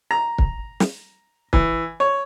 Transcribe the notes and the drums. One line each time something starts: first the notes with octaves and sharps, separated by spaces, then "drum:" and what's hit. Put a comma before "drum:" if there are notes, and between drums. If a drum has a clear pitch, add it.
A#5
drum: kick
drum: snare
E3, drum: kick
C#5